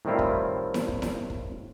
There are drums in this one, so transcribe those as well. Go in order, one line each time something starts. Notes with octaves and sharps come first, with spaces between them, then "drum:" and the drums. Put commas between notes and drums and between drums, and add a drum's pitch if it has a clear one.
A2 D#3 G3 C4 E4 F4
drum: kick
drum: snare E4
drum: kick
drum: snare E4
drum: kick